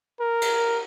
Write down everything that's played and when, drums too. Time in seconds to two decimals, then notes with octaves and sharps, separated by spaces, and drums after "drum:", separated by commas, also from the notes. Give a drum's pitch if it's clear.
0.20 A#4
0.42 drum: cymbal